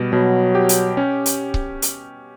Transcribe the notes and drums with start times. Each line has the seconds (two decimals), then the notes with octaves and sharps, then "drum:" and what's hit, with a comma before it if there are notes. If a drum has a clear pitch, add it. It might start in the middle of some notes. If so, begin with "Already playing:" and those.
Already playing: B2 G3
0.13 B2 F#3
0.55 G4
0.69 drum: hi-hat
0.97 C#4
1.26 drum: hi-hat
1.54 drum: kick C#1
1.82 drum: hi-hat